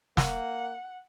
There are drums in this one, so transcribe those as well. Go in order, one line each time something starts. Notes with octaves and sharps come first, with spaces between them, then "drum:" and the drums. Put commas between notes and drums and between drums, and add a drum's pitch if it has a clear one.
A#3 F#5, drum: snare